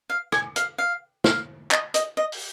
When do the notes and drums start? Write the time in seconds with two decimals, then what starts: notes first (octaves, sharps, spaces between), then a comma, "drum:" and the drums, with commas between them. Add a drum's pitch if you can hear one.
0.10 F5
0.32 G#5, drum: rim click
0.56 F5, drum: hi-hat
0.78 F5
1.24 F5, drum: snare
1.71 D#5, drum: clap
1.94 D#5, drum: hi-hat
2.17 D#5
2.32 drum: open hi-hat